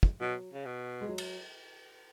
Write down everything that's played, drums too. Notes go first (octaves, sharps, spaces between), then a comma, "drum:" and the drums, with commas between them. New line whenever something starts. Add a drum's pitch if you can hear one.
drum: kick
B2 F#3
C#3
B2
G#3
F#3
drum: cymbal